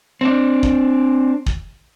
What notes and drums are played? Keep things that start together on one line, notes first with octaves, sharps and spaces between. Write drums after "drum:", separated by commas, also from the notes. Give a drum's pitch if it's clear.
C4 D4
drum: kick
drum: kick